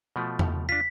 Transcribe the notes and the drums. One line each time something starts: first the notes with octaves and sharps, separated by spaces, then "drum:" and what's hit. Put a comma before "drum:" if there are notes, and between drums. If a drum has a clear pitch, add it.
B2 F3 A3
drum: tom E2
D4 F4 B6